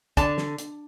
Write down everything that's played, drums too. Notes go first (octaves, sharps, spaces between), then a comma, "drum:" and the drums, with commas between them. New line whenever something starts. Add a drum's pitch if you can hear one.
D3 A5, drum: kick, hi-hat
drum: snare
drum: hi-hat